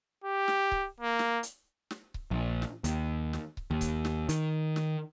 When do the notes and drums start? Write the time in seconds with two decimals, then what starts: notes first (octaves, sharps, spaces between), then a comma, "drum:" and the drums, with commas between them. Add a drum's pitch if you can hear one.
0.24 G4
0.48 drum: snare
0.72 drum: kick C#1
1.01 A#3
1.19 drum: snare
1.43 drum: hi-hat
1.91 drum: snare
2.14 drum: kick C#1
2.31 A#1
2.62 drum: snare
2.84 D#2, drum: hi-hat
3.33 drum: snare
3.57 drum: kick C#1
3.71 D#2
3.81 drum: kick C#1, hi-hat
4.05 drum: snare
4.29 D#3, drum: hi-hat
4.76 drum: snare